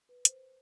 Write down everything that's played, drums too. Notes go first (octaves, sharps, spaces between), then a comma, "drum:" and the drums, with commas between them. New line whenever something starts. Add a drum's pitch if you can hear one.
B4
C5, drum: hi-hat